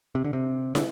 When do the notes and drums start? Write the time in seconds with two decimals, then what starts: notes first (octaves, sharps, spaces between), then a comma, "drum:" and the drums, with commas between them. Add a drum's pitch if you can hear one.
0.15 C3
0.24 D3
0.33 C3
0.75 D3, drum: snare